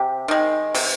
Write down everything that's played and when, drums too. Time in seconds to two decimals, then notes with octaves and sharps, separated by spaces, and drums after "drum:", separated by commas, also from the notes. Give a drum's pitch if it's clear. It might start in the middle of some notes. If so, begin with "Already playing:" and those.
Already playing: C3 G4
0.28 D#3 G#3
0.74 C3, drum: open hi-hat